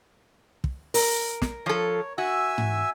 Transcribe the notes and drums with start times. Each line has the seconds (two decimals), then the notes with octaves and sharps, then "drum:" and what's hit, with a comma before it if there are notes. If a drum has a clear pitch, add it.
0.64 drum: kick
0.94 A#4, drum: open hi-hat
1.42 drum: snare
1.66 F3 A4 C#5
2.18 F#4 E5 G#5 E6
2.58 drum: tom G#2